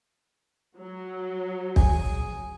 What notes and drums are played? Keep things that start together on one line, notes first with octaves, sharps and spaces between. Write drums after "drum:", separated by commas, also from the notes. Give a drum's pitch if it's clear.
F#3
G#4, drum: kick